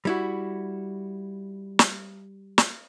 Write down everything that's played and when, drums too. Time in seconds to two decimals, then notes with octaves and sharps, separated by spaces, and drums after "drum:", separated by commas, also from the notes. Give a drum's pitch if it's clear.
0.05 G3 E4 F#4
1.79 drum: snare
2.58 drum: snare